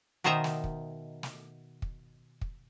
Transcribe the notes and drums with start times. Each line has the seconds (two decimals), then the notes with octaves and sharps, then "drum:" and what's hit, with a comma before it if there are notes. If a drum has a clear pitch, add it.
0.24 B2 D#3 C5 D#5 E5 A#5
0.44 drum: snare
0.64 drum: kick
1.23 drum: snare
1.82 drum: kick
2.41 drum: kick